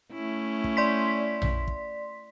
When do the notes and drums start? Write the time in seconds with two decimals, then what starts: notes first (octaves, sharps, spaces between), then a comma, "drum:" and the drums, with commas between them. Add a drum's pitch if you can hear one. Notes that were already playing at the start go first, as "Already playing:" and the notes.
0.12 A3 C#4 E4
0.64 drum: kick
0.77 D5 C6 B6
1.42 drum: tom A#1
1.68 drum: kick